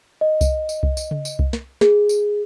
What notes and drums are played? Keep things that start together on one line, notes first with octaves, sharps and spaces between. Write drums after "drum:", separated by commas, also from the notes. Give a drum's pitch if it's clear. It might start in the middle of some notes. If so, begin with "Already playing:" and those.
D#5
drum: kick C2, tambourine
drum: tambourine
drum: kick C2
drum: tambourine
drum: tom C#3
drum: tambourine
drum: kick C2
drum: snare
G#4, drum: snare
drum: tambourine